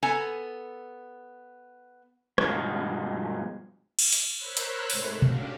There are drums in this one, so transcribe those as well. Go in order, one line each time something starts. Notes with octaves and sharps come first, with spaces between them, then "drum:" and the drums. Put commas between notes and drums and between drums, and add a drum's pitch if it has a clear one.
B3 A4 G#5 A#5
G2 B2 F3 G#3, drum: rim click
drum: cymbal
drum: hi-hat
A#4 C5 C#5 B5 E6 F#6
drum: hi-hat
G#2 C3 G#3 A3, drum: open hi-hat
C#4 D4 F#4 G4 F5, drum: tom B2